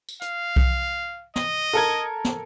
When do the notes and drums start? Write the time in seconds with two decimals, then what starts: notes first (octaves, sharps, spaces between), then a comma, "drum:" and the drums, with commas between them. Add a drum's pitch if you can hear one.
0.09 drum: tambourine
0.22 F5, drum: hi-hat
0.56 drum: kick B1
1.36 D#5, drum: snare
1.73 A4 A#4 G#6
2.25 drum: snare